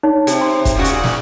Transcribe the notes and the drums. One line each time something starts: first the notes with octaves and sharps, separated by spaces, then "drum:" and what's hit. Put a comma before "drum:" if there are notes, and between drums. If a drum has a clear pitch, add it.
D#4 C#5
C3, drum: hi-hat
C6
drum: kick, hi-hat
A#2 C#3 F#4
drum: hi-hat
drum: snare